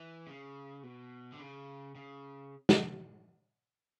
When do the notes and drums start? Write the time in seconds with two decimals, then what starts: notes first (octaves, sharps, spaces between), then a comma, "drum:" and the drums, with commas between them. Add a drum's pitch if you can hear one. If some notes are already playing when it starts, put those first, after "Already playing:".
Already playing: E3
0.27 C#3
0.83 B2
1.32 D3
1.39 C#3
1.95 C#3
2.69 drum: snare